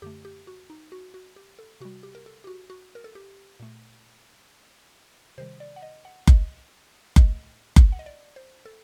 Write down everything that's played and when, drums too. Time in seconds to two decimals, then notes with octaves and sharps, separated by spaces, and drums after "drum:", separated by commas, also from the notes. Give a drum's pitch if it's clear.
0.02 F#2 D3 A3 G4
0.25 G4
0.47 F#4
0.70 D#4
0.92 F#4
1.14 F#4
1.36 G4
1.59 A4
1.81 C3 G3 F#4
2.03 G4
2.15 A#4
2.26 A4
2.44 G4
2.47 F#4
2.70 F#4
2.95 A#4
3.04 A4
3.15 G4
3.60 A#2 A3
5.38 C3 D#3 G3 C5
5.60 D5
5.76 F#5
5.83 D#5
6.05 F#5
6.27 D#5, drum: kick F#1
7.16 A2 A3 D#5, drum: kick F#1
7.76 drum: kick F#1
7.92 F#5
7.99 D#5
8.06 D5
8.36 C5
8.65 A4